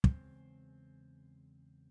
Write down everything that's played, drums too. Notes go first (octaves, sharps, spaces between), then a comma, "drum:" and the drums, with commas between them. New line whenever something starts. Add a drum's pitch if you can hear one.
E2 C#3 G#3 C4, drum: kick